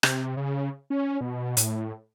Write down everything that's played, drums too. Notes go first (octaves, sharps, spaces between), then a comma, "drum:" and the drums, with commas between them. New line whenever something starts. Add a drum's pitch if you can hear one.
C3, drum: rim click
C#3
C#4
B2
B2
A2, drum: hi-hat